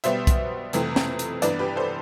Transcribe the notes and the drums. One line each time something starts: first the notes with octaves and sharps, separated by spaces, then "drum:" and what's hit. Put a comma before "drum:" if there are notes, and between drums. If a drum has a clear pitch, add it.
B2 G3 B3 C5 E5, drum: hi-hat
drum: kick B1, hi-hat
F2 C3 E3 A3, drum: hi-hat
drum: snare
drum: hi-hat
G2 E3 B3 B4 D5, drum: hi-hat
G4 B4
A4 C5